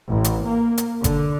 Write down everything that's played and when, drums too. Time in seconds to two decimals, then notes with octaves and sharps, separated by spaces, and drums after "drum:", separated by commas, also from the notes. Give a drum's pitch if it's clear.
0.11 A1
0.24 drum: hi-hat
0.47 A#3
0.78 drum: hi-hat
1.04 D3, drum: kick G1, hi-hat